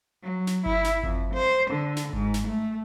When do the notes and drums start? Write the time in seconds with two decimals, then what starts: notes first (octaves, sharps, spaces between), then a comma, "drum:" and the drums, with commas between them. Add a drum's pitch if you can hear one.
0.23 F#3
0.47 drum: snare
0.66 E4, drum: kick G1
0.84 drum: snare
1.03 F2, drum: kick G1
1.34 C5
1.71 D3
1.97 drum: snare
2.13 G#2, drum: kick G1
2.34 drum: snare
2.48 A3